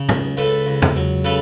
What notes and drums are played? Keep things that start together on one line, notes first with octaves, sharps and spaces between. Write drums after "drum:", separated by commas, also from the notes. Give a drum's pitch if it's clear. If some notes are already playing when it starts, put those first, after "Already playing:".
Already playing: C#3
C#2, drum: tom
C#2 A4 B4
C#2
drum: tom
F#3
C#3 A4 B4